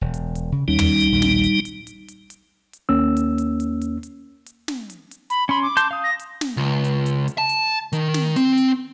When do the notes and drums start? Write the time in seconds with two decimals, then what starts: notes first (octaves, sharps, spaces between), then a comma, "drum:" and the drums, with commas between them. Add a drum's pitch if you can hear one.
0.01 E1
0.14 drum: hi-hat
0.35 drum: hi-hat
0.52 C#3
0.68 D#2 G3 C#4 D#4
0.79 drum: tom
1.00 drum: hi-hat
1.12 A#1 D#2 B2
1.22 drum: snare
1.44 drum: hi-hat
1.65 drum: hi-hat
1.87 drum: hi-hat
2.08 drum: hi-hat
2.30 drum: hi-hat
2.73 drum: hi-hat
2.89 D#2 A#3 C#4 E6
3.17 drum: hi-hat
3.38 drum: hi-hat
3.60 drum: hi-hat
3.81 drum: hi-hat
4.03 drum: hi-hat
4.46 drum: hi-hat
4.68 drum: snare
4.90 drum: hi-hat
5.11 drum: hi-hat
5.30 B5, drum: hi-hat
5.49 C#4 B5 C6
5.62 D6
5.77 A5 C6 G6, drum: hi-hat
5.91 F5 D#6
6.04 A#6
6.19 drum: hi-hat
6.41 drum: snare
6.57 C#2
6.84 drum: hi-hat
7.06 drum: hi-hat
7.28 drum: hi-hat
7.38 A5
7.49 drum: hi-hat
7.93 D#3, drum: hi-hat
8.14 drum: snare
8.36 C4, drum: hi-hat
8.57 drum: hi-hat